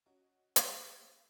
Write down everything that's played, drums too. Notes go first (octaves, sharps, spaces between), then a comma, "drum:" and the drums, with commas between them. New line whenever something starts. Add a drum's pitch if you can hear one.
F#3 C#4 F#4 D#5
A#2 G#3, drum: hi-hat